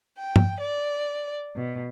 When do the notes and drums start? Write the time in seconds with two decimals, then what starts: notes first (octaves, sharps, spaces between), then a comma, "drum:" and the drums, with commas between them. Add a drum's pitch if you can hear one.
0.18 G5
0.36 drum: tom G2
0.60 D5
1.55 B2